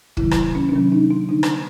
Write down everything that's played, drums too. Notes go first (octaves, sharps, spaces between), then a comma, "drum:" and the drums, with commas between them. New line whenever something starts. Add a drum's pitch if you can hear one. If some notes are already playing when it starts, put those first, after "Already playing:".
C3 D#3 F#3 A#3 E4, drum: kick
drum: rim click
C#4
D4
C3 D#3 F#3 A#3 C#4
D#4
D4
D3 G3 A#3 D#4
drum: rim click